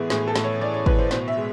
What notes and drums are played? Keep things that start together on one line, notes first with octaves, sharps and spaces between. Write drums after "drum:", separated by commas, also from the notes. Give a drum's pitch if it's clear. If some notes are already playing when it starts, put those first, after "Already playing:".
Already playing: A2 E3 G#3 B3 E4 G#4
A2 G#4, drum: snare
A4
A2, drum: snare
C#5
E3 D5
C#5
A2 B4, drum: kick
C5
B2 C5, drum: snare
E5
G#3